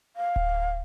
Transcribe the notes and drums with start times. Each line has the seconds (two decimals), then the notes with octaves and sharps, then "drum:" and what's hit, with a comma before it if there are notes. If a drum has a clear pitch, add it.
0.16 F5
0.36 drum: kick D1